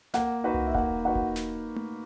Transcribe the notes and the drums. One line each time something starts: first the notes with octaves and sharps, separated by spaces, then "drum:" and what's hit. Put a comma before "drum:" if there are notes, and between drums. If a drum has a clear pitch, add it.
A#3 F#5, drum: snare
D#4 F#4 B4 F#5
drum: tom C2
E5
A#3 F#5, drum: kick E1
D#4 F#4 B4 F#5
drum: kick E1
drum: snare
drum: tom A3